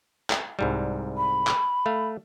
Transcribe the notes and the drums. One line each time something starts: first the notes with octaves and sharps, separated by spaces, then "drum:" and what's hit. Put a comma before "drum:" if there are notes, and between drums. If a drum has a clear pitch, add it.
drum: clap
C2 G#2 G3
B5
drum: clap
A3 F5